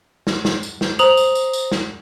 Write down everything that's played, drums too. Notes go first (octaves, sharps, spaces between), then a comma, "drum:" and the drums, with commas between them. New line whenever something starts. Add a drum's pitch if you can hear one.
drum: snare
drum: snare
drum: tambourine
drum: snare
C5 A#5 D#6 F7 F#7, drum: tambourine
drum: tambourine
drum: tambourine
drum: tambourine
drum: snare